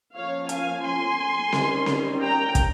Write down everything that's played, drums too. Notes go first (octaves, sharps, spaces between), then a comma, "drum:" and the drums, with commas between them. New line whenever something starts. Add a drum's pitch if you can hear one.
F3 A#3 C#4 C#5 F5
F5 G#5, drum: hi-hat
G#5 C6
D#3 G3 C#4, drum: snare C4
drum: snare C4
G5 A#5
drum: kick, hi-hat